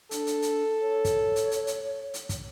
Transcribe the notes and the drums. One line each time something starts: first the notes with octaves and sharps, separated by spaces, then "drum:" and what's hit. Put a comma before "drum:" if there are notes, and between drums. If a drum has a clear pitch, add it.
D4 A4, drum: hi-hat
drum: hi-hat
drum: hi-hat
C#5
drum: kick, hi-hat
drum: hi-hat
drum: hi-hat
drum: hi-hat
drum: hi-hat
drum: kick, hi-hat